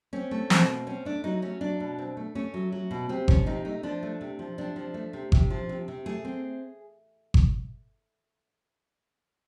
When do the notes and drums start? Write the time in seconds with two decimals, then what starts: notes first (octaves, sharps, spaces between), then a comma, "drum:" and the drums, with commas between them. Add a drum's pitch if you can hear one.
0.13 C4 C#4
0.31 A3
0.50 B2 C4, drum: snare
0.68 C4
0.87 C4 C#4
1.05 A3 D4
1.24 F#3 D#4
1.42 A3 C#4
1.61 F#3 D4
1.80 B2
1.98 C4
2.17 A3
2.35 A3 C#4
2.54 F#3
2.72 F#3
2.91 B2
3.09 C3 C4
3.28 F3 C#4, drum: kick G1
3.46 C3 D#4
3.65 A3 D#4
3.83 F3 D4
4.03 A3
4.21 C3
4.39 F3
4.58 C3 D4
4.76 F3
4.94 A3
5.13 C3
5.32 C3, drum: kick G1
5.50 F3
5.69 C3
5.88 C3
6.06 A3 G#4
6.25 C4
7.34 drum: kick G1